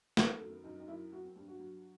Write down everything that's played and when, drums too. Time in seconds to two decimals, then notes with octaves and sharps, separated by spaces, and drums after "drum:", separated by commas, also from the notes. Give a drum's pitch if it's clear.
0.17 D#3 C4, drum: snare
0.33 A3
0.41 F#2
0.49 B3
0.64 F#2 D#4
0.80 D#4
0.88 F#3 E4
1.12 F#3 F#4
1.24 C4
1.35 G2 G3
1.48 F#4
1.59 F#3